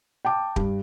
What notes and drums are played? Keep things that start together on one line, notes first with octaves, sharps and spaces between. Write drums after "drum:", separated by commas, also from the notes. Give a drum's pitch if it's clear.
G5 A5 D6
G2, drum: kick